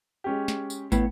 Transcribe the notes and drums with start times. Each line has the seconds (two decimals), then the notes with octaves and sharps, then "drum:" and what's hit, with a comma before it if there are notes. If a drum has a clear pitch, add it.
0.24 G#3 C#4 G4
0.48 drum: snare
0.70 drum: tambourine
0.92 A2 B3, drum: kick, tambourine